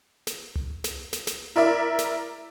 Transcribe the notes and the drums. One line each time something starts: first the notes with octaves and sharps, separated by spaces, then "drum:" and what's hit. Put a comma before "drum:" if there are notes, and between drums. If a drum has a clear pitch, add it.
drum: snare
drum: tom C#2
drum: snare
drum: snare
drum: snare
E4 A#4 D5 E5
drum: snare